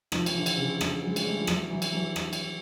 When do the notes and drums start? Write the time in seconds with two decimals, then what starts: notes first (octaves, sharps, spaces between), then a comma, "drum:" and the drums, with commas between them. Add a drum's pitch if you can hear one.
0.12 D#3 F3, drum: rim click
0.26 F3, drum: cymbal
0.35 D3 E3
0.46 drum: cymbal
0.57 C#3
0.81 D3, drum: rim click
1.02 F#3 G#3
1.16 G#3, drum: cymbal
1.25 G3 A3
1.37 F3
1.47 E3 F#3, drum: rim click
1.70 E3 F#3
1.82 drum: cymbal
1.93 E3 F#3
2.16 drum: rim click
2.33 drum: cymbal